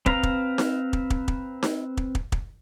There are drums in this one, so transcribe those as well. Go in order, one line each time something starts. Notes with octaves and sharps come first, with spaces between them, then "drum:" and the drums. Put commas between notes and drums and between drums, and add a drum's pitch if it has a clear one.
C4 B4 F5 A#5, drum: kick
drum: kick
drum: snare D#4
drum: kick
drum: kick
drum: kick
drum: snare D#4
drum: kick
drum: kick
drum: kick